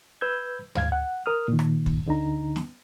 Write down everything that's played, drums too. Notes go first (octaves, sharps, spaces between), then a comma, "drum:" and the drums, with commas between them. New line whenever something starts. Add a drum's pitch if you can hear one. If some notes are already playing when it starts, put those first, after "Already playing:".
B4 E6 G6 G#6
G#2 F5 G#6, drum: tom D2
F#5
A#4 D#6 F6
A#2 D#3
drum: rim click
drum: kick
D2 D3 D#4 A#5
drum: snare